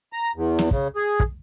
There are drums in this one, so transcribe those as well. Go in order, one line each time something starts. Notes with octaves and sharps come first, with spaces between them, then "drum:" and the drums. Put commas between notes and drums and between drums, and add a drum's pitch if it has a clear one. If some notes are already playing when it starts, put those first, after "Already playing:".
A#5
E2
drum: snare
C#3, drum: kick
G#4
drum: kick